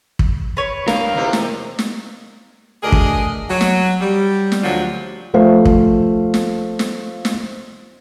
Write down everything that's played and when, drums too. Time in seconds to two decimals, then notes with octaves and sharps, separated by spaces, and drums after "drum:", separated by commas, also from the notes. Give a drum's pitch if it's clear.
0.19 drum: kick
0.57 B4 C#5
0.88 G2 A#4 F5, drum: snare
1.13 E2 C3 D#4
1.33 drum: snare
1.79 drum: snare
2.83 D2 D4 G#4 A#4 D#5
2.92 drum: kick
3.49 F#3
3.61 drum: snare
4.01 G3
4.52 drum: snare
4.63 D2 D3 F3 F#3
5.34 F3 A3 C5 F5
5.65 drum: kick
6.34 drum: snare
6.79 drum: snare
7.25 drum: snare